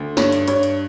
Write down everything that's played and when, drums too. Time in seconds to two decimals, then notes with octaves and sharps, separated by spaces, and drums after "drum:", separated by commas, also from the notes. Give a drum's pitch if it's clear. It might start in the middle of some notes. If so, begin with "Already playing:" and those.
Already playing: D2
0.17 G2 C#5, drum: snare
0.32 drum: hi-hat
0.48 G2 C#5, drum: hi-hat
0.63 drum: hi-hat